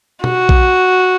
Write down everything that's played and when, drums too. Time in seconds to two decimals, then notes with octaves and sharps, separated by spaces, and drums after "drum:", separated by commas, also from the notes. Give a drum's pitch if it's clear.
0.24 F#4, drum: tom B2
0.49 drum: kick A#1